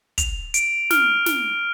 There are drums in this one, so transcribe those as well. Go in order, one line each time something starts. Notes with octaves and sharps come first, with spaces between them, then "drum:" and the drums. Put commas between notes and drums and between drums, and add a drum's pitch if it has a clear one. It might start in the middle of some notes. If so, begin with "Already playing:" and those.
F7, drum: kick, hi-hat
D7, drum: hi-hat
F6, drum: snare
drum: snare